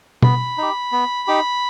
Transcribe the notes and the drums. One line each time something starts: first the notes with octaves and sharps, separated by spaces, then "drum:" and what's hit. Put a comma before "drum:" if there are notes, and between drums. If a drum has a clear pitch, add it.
B3 B5, drum: tom
D#4 G4
B3
D#4 G4